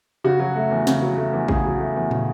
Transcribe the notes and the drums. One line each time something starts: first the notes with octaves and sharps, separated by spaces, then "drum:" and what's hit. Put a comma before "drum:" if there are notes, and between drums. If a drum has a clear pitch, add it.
C#3 F#4
F#3
A3
E2
C#3, drum: snare
F#3
A3
E2
C#3 G#4, drum: kick A#1
F#3
A3
E2
C#3, drum: tom